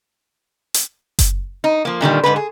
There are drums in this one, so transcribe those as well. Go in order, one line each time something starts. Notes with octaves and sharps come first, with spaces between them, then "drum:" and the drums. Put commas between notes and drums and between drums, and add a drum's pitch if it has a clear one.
drum: hi-hat
drum: kick F#1, hi-hat
D#4
F3 A#3
A#2 D3 D#3 G3
G#2 B2 D3 B4
G#4